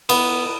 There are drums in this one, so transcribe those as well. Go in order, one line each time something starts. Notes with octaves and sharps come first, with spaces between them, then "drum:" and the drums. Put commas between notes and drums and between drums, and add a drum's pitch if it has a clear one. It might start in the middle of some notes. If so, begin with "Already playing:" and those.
B3, drum: cymbal